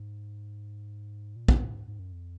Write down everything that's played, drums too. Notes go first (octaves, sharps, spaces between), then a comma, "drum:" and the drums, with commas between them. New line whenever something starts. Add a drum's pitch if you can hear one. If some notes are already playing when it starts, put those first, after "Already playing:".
Already playing: G#2
A#2
G#2, drum: kick
A2
G#2
G#2
F#2
F2